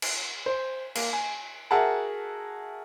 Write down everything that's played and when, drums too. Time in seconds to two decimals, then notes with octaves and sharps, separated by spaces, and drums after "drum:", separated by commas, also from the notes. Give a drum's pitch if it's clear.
0.02 drum: cymbal
0.46 C5
0.95 A#3, drum: cymbal
1.13 G#5
1.71 F#4 G#4 A#4 E5 F#5 A5